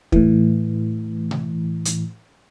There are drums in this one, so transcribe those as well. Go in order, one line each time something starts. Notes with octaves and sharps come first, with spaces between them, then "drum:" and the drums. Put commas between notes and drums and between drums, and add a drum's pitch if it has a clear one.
A2 E3, drum: kick
drum: tom B2
drum: hi-hat